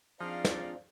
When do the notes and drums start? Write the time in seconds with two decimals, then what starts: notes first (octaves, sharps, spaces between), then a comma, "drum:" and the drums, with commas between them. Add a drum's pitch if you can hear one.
0.21 F3 C4 D4 D#4 F4 G#4 D5 F5
0.45 drum: snare